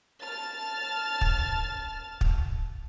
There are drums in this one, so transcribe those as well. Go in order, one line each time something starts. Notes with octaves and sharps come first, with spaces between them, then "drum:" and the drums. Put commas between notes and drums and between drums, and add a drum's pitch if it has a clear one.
A5 F6 A6
drum: kick
drum: kick